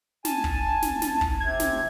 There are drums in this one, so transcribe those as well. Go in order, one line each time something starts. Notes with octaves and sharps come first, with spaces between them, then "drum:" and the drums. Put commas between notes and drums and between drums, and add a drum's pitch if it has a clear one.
G#5 A5, drum: snare
drum: kick
drum: snare
drum: snare
drum: kick
C3 G#6
drum: snare